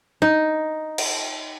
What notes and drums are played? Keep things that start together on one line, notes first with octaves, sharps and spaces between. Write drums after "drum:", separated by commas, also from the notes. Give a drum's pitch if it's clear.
D#4
drum: cymbal